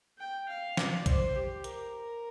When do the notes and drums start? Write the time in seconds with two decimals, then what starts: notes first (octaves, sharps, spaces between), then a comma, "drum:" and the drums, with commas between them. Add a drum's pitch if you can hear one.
0.18 G5
0.48 F5
0.77 D5, drum: snare
1.06 C5, drum: kick, hi-hat
1.35 G4
1.64 A#4, drum: hi-hat